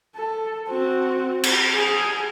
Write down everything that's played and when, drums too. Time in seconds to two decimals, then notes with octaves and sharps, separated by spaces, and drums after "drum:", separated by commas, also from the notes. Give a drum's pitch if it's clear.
0.16 A4
0.68 C4 F#4
1.43 drum: cymbal
1.75 G#4